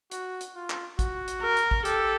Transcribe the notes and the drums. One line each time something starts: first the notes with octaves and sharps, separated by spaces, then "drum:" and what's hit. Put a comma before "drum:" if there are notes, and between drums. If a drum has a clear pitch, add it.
F#4, drum: hi-hat
drum: hi-hat
F4
drum: clap
F#4, drum: kick, hi-hat
drum: hi-hat
A#4
drum: hi-hat
drum: kick
G4 A4, drum: hi-hat